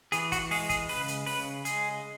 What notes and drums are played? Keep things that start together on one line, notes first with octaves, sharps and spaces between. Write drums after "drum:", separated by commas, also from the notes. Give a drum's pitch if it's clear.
E3 G#4, drum: hi-hat
F#4, drum: kick, hi-hat
G#3 G#4, drum: open hi-hat
G#4, drum: kick, hi-hat
C#3 B4, drum: open hi-hat
drum: hi-hat
C#3 B4, drum: open hi-hat
G#3 G#4, drum: hi-hat